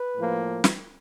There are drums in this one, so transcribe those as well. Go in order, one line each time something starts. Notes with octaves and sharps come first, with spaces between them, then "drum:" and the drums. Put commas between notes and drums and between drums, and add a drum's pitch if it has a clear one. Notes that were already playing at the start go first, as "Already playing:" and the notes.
Already playing: B4
A2 F3 A#3
drum: snare